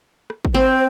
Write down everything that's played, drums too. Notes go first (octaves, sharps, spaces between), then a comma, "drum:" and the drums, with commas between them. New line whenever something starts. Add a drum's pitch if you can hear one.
drum: rim click
drum: kick
C4 C5